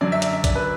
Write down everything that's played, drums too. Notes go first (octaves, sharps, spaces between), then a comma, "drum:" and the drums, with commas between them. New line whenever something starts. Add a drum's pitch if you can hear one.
F#2 D3 F#3 D5
E5
D5, drum: hi-hat
E5
D5, drum: kick A#1, hi-hat
B4